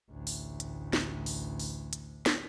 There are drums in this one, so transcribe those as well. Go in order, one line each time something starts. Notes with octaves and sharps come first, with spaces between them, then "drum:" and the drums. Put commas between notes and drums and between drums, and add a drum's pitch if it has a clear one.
A1 D2
drum: open hi-hat
drum: hi-hat
drum: snare
drum: open hi-hat
drum: open hi-hat
drum: hi-hat
drum: snare